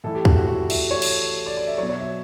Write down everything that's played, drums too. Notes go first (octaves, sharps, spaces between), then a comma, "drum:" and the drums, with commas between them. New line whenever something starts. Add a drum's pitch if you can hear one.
A2 E3 A4
G4
F#4, drum: kick
F#4
F#4
E5, drum: cymbal
C#5
drum: cymbal
D5
D5
E5
F#3 C#5
B2
C#5
E5